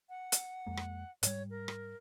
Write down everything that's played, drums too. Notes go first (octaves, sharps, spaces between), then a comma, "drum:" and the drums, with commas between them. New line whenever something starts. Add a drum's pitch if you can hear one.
F#5
drum: hi-hat
F2 G#3 A#3
drum: rim click
G#2 G3 C#5, drum: hi-hat
A#4
drum: rim click